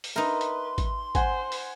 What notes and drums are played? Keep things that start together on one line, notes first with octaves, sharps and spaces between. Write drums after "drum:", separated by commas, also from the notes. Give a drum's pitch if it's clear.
drum: open hi-hat
D#4 A#4 B4 E5 C6
drum: hi-hat
drum: kick, hi-hat
C5 F#5 G#5, drum: kick, hi-hat
drum: open hi-hat